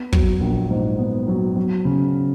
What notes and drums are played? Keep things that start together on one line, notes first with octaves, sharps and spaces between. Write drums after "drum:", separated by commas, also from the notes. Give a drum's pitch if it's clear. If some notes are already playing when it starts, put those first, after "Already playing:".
Already playing: B3
F#3, drum: kick
A#1
G#2
B3
F#3
F#3
C#3